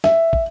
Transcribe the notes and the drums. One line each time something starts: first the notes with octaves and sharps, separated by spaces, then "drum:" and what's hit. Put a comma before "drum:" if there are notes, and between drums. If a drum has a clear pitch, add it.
E5, drum: snare
drum: kick